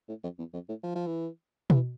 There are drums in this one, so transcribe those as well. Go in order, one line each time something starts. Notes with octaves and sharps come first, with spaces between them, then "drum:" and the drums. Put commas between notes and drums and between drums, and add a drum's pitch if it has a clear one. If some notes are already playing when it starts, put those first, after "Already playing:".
A2
F2
E2
F2
A2
F3
F3
E3
F3, drum: tom B2
E3